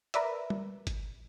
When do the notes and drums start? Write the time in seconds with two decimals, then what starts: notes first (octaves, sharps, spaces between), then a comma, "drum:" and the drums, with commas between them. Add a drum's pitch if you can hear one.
0.14 A#4 B4 D5 E5, drum: hi-hat
0.50 drum: tom G3
0.87 drum: kick G1, hi-hat